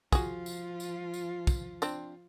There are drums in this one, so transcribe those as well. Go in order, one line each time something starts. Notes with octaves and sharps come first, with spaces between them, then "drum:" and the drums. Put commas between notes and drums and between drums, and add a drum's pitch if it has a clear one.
F3 F4 F#4 G#4, drum: kick, tambourine
drum: tambourine
drum: tambourine
drum: tambourine
drum: kick, tambourine
C4 D4, drum: tambourine